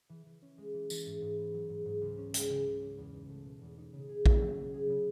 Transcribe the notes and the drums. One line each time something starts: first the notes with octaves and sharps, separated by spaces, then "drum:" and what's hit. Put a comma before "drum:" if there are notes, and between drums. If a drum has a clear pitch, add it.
E3
E3
C#4
G#3
E3
E3, drum: tambourine
G#2
G#2
B3
F#3
G#2
G#2
C#2
C#4
G#3, drum: hi-hat
C#3
C#2
C#4
E2
D#4
A3
B2
E2
D#4
C#3
G#4
C#4, drum: kick A#1
F#3
C#3
G#4
C#3